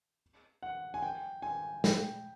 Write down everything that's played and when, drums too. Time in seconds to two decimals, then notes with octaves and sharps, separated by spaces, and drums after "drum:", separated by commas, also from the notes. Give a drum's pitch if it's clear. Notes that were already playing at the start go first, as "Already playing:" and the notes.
0.63 F#5
0.94 G#5
1.03 G5
1.42 G#5
1.84 G5, drum: snare